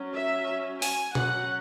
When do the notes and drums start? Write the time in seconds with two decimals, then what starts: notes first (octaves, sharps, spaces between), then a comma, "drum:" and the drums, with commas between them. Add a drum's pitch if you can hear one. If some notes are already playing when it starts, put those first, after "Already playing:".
Already playing: F#3 C#4
0.15 E5
0.82 G#5, drum: open hi-hat
1.15 F#3 C#4 F#5, drum: tom B2